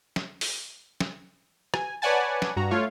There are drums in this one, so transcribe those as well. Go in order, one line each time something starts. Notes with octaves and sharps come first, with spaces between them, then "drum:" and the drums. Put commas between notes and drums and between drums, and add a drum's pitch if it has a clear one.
drum: snare
drum: open hi-hat
drum: snare
G#5, drum: rim click
B4 C#5 D5 F#5 G#5 A5
drum: snare
G2 F#4 A#5
A3 F4 C#5 F5